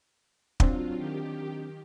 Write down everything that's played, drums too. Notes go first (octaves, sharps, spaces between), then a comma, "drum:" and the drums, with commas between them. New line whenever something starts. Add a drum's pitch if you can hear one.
F#3 C4 D4 F4, drum: kick
D#3 G4